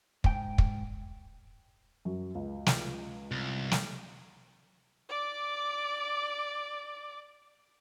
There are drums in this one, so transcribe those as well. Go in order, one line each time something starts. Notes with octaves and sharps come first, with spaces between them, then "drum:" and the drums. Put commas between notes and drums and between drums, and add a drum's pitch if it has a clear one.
G#2 G5, drum: kick
drum: kick
F#2 F#3
C#2
drum: snare
C2
drum: snare
D5 D6